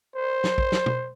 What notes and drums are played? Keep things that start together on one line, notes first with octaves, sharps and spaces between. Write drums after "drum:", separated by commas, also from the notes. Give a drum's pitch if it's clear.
C5
drum: snare
drum: kick
drum: snare
drum: tom B2